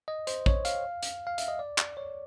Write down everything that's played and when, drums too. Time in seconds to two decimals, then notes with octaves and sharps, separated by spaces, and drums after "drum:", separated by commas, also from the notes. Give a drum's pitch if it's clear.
0.08 D#5
0.27 C5, drum: hi-hat
0.46 C#5, drum: kick
0.65 F5, drum: hi-hat
1.03 drum: hi-hat
1.27 F5
1.38 E5, drum: hi-hat
1.48 D#5
1.59 D5
1.78 drum: clap
1.97 C#5